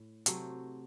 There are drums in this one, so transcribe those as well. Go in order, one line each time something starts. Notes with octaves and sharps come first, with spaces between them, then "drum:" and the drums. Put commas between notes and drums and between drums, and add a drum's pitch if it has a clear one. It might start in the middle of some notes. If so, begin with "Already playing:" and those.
Already playing: A2
C3 F#3 A3 C5, drum: hi-hat